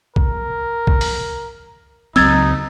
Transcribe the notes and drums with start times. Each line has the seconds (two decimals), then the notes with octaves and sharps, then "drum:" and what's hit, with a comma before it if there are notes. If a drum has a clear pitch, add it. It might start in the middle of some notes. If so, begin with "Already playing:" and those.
0.16 A#4, drum: kick B1
0.87 drum: kick B1
1.01 drum: open hi-hat
2.16 C#2 F#3 C4 D#4 E6 G#6 A6, drum: cymbal